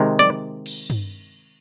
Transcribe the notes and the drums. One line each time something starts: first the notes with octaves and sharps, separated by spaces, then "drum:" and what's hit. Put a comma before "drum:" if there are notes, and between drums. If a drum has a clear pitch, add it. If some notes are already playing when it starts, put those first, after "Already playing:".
Already playing: C3 D#3 G#3
D5, drum: tom F3
drum: cymbal
drum: tom G2